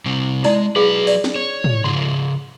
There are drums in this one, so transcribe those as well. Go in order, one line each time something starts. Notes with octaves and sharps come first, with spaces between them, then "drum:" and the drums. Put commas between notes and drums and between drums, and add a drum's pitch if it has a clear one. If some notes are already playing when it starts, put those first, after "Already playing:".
C3 G3 C4
G#3 D#4 E4 D5, drum: open hi-hat
F#3 G#4 B4 F5
D5, drum: open hi-hat
drum: snare
C#5
drum: tom
C#3 F3 G#4 C6